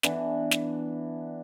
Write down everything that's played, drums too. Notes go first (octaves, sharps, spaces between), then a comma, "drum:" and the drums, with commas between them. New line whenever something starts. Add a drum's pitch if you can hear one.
E3 B3 D4, drum: snare
drum: snare